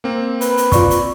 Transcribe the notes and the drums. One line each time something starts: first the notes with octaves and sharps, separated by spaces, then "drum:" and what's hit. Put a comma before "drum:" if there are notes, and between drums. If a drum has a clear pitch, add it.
A#3 C4
B4, drum: hi-hat
drum: hi-hat
F4 D5 C#6, drum: kick, hi-hat
drum: hi-hat